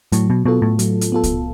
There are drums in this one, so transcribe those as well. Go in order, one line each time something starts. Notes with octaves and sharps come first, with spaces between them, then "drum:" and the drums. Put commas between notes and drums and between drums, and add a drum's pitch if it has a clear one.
A2 F#3, drum: hi-hat
B2
B2 B3 F4 A4
A2
F#3, drum: hi-hat
drum: hi-hat
B3 F4 A4
drum: kick C2, hi-hat